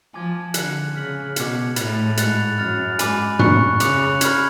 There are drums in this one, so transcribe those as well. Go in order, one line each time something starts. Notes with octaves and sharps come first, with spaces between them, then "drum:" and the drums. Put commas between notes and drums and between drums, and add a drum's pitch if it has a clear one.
F3 G#5 D6 G#6
D3 F#6 C#7 F#7, drum: hi-hat
C#3 F6 B6 F#7
B2 D6 G#6 C#7, drum: hi-hat
A2 B5 F#6 A6 F7, drum: hi-hat
G#2 B5 F#6 A6 C#7 F7, drum: hi-hat
F#2 F6 A6 F7
G#2 G#5 B5 D6, drum: hi-hat
A2 G#5 C#6 F#6 C#7, drum: tom
C#3 D6 F#6 C#7 F7, drum: hi-hat
B5 F6 G#6, drum: hi-hat